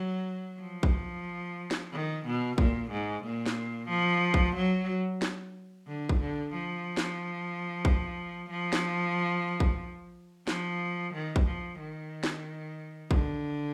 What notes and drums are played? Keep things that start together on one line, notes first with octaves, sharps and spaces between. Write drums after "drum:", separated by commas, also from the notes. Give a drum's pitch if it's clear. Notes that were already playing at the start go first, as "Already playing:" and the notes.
Already playing: F#3
F3
drum: kick
drum: snare
D#3
B2
A#2, drum: kick
G#2
A#2
drum: snare
F3
drum: kick
F#3
drum: snare
D3
drum: kick
D3
F3
drum: snare
drum: kick
F3
drum: snare
drum: kick
F3, drum: snare
D#3
drum: kick
F3
D#3
drum: snare
D3, drum: kick